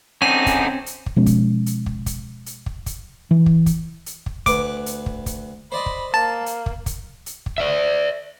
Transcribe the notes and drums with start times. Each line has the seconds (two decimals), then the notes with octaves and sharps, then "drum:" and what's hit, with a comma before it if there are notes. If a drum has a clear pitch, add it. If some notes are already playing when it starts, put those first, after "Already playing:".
0.22 D3 C4 C#4 D#4 G#5
0.46 drum: kick, hi-hat
0.86 drum: hi-hat
1.06 drum: kick
1.16 B2 F3 G#3 C#4
1.26 drum: kick, hi-hat
1.66 drum: hi-hat
1.86 drum: kick
2.06 drum: kick, hi-hat
2.46 drum: hi-hat
2.66 drum: kick
2.86 drum: kick, hi-hat
3.31 E3
3.46 drum: kick
3.66 drum: kick, hi-hat
4.06 drum: hi-hat
4.26 drum: kick
4.46 D2 B4 D6, drum: kick, hi-hat
4.86 drum: hi-hat
5.06 drum: kick
5.26 drum: kick, hi-hat
5.72 C5 D5 D#5 B5
5.86 drum: kick
6.14 A#3 A5
6.46 drum: hi-hat
6.66 drum: kick
6.86 drum: kick, hi-hat
7.26 drum: hi-hat
7.46 drum: kick
7.58 D5 E5